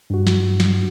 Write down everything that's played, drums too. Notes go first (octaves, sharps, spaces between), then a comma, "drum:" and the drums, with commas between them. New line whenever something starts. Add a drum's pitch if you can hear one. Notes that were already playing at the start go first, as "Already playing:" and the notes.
G2 F#4
drum: snare
drum: snare